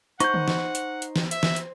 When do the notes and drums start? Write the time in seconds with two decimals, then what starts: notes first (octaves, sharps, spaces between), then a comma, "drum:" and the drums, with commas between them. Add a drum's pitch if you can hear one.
0.20 D#4 C5 F#5 C#6 G6, drum: hi-hat
0.34 drum: tom D3
0.48 drum: snare
0.75 drum: hi-hat
1.02 drum: hi-hat
1.16 drum: snare
1.31 E5, drum: hi-hat
1.43 drum: snare
1.56 drum: hi-hat